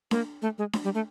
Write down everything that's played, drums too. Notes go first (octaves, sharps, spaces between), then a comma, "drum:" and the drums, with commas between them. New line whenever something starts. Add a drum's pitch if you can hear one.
A#3, drum: snare D4
A3
G#3
drum: snare D4
G3
A3